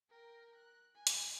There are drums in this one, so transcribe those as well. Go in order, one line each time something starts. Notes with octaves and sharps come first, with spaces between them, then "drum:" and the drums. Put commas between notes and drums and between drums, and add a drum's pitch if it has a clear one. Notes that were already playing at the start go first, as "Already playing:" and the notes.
A#4 G5
F#6
G#5
drum: hi-hat